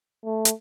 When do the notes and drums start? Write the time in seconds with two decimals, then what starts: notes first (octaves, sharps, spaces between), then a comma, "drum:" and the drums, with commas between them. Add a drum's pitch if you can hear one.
0.25 A3
0.45 drum: hi-hat